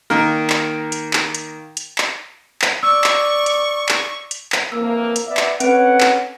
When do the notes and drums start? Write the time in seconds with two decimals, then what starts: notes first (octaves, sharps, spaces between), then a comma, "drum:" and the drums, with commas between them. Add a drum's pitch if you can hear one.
0.10 D#3 A#3 A#4
0.50 drum: clap
0.92 drum: hi-hat
1.13 drum: clap
1.34 drum: hi-hat
1.77 drum: hi-hat
1.98 drum: clap
2.62 drum: clap
2.83 D5 C#6 E6
3.04 drum: clap
3.46 drum: hi-hat
3.89 drum: clap
4.31 drum: hi-hat
4.52 drum: clap
4.72 F2 E3 A#3 E6
5.16 drum: hi-hat
5.27 B3 D5 E5
5.37 drum: clap
5.60 C4 C#4 A4 B4 F#5 D7, drum: hi-hat
6.01 drum: clap